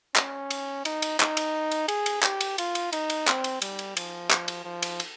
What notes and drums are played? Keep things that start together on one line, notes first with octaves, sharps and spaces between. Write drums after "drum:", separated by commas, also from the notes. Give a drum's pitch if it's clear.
C#4, drum: clap
drum: cymbal
D#4, drum: cymbal
drum: cymbal
D#4, drum: clap
drum: cymbal
drum: cymbal
G#4, drum: cymbal
drum: cymbal
G4, drum: clap
drum: cymbal
F4, drum: cymbal
drum: cymbal
D#4, drum: cymbal
drum: cymbal
C4, drum: clap
drum: cymbal
G3, drum: cymbal
drum: cymbal
F3, drum: cymbal
drum: clap
drum: cymbal
F3
drum: cymbal
drum: cymbal